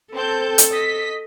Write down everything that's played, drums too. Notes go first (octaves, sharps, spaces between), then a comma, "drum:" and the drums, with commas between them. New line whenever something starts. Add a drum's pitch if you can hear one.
C4 A4 A5 G6
drum: hi-hat
D#5 B6